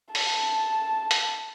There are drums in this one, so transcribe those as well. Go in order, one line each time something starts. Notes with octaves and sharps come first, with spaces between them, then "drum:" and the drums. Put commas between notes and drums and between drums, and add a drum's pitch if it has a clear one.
A5, drum: open hi-hat
drum: hi-hat